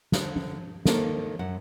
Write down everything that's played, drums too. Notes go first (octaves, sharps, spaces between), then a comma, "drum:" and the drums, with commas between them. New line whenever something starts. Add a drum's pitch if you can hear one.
D3, drum: snare
drum: tom
D#3 A#3 A4, drum: snare
F#2 F#5